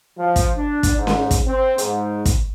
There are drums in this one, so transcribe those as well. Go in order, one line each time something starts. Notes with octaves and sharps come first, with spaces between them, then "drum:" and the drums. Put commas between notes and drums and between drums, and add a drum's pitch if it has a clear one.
F3
drum: kick, hi-hat
D4
drum: kick, hi-hat
G#2
drum: snare C#4
drum: kick, hi-hat
C4
G#2, drum: hi-hat
drum: kick, hi-hat